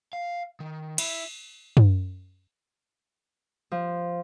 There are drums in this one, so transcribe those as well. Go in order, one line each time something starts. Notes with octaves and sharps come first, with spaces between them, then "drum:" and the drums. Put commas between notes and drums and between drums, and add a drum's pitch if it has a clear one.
F5
D#3
E4, drum: cymbal
drum: tom
F3